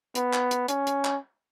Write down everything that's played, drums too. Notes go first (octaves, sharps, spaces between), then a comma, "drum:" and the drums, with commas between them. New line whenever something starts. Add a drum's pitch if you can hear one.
B3, drum: hi-hat
drum: clap
drum: hi-hat
C#4, drum: hi-hat
drum: hi-hat
drum: clap